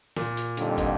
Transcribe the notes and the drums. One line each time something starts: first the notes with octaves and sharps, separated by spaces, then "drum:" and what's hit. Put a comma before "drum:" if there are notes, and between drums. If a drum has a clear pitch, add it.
A#2, drum: snare
drum: hi-hat
F2 D3 G3 A#3 D#4, drum: hi-hat
drum: kick, hi-hat